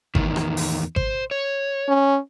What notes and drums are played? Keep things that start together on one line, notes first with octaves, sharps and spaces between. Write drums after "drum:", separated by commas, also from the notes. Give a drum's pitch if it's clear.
E2 A2 D#3, drum: kick G#1
drum: rim click
drum: open hi-hat
C5, drum: kick G#1
C#5
C#4